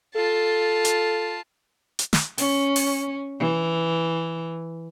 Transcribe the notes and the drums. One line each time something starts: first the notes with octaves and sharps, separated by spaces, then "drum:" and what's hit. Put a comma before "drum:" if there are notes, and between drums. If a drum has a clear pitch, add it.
F4 A4 A5
drum: hi-hat
drum: hi-hat
drum: snare
C#4, drum: open hi-hat
drum: open hi-hat
E3